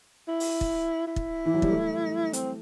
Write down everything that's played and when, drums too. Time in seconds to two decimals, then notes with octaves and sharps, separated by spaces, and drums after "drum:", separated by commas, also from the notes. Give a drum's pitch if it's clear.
0.28 E4
0.40 drum: open hi-hat
0.61 drum: kick
1.07 E4
1.16 drum: kick
1.46 E3
1.54 F#3
1.62 G3, drum: kick
1.70 A3
2.33 C4, drum: hi-hat